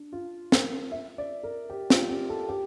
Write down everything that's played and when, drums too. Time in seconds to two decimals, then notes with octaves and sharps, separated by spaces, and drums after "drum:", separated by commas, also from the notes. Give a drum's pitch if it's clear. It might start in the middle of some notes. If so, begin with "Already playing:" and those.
Already playing: D4
0.13 F4
0.52 A#4, drum: snare
0.92 E5
1.18 D5
1.43 A#4
1.70 G4
1.90 F4, drum: snare
2.09 G4
2.30 A4
2.49 G4